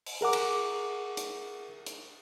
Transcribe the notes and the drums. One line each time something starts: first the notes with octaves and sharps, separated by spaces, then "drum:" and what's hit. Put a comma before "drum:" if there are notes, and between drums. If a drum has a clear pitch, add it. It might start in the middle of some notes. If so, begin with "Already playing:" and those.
drum: open hi-hat
G#4 A#4 F#5 D6
drum: cymbal
drum: hi-hat
drum: hi-hat